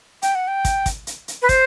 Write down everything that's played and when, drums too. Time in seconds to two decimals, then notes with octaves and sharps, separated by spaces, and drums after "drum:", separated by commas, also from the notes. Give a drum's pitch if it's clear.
0.22 G5, drum: hi-hat
0.35 F#5
0.48 G5
0.65 drum: kick, hi-hat
0.86 drum: kick, hi-hat
1.07 drum: hi-hat
1.28 drum: hi-hat
1.42 B4
1.49 C5, drum: kick, hi-hat